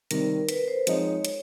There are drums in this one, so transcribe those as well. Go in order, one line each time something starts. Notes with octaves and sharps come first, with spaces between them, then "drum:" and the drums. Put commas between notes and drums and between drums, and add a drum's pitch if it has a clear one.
C3 D#3 G3 A#4, drum: hi-hat
B4, drum: hi-hat
C5
F3 G#3 C4 D#4 C#5, drum: hi-hat
drum: hi-hat